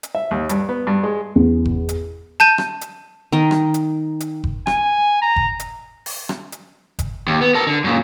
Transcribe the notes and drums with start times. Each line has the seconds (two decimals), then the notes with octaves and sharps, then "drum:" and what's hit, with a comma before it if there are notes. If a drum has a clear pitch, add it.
0.03 drum: hi-hat
0.15 E5
0.31 D#2
0.49 G2, drum: hi-hat
0.69 B3
0.87 G2
1.03 G#3
1.36 E2
1.65 drum: kick F#1
1.89 drum: hi-hat
2.40 A5 G6 D#7
2.58 drum: rim click
2.81 drum: hi-hat
3.32 D#3 A#4 D#5
3.51 drum: rim click
3.74 drum: hi-hat
4.20 drum: hi-hat
4.44 drum: kick F#1
4.67 G#5, drum: rim click
5.22 A#5
5.36 drum: kick F#1
5.60 drum: hi-hat
6.06 drum: open hi-hat
6.29 drum: rim click
6.52 drum: hi-hat
6.99 drum: kick F#1, hi-hat
7.27 D#2
7.41 B3
7.55 A#4 A5
7.67 D3
7.84 F#2 A#2